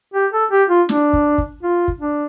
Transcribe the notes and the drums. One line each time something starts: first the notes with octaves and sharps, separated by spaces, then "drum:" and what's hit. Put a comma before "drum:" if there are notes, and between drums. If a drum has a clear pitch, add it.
G4
A4
G4
F4
D4, drum: snare
drum: kick
drum: kick
F4
drum: kick
D4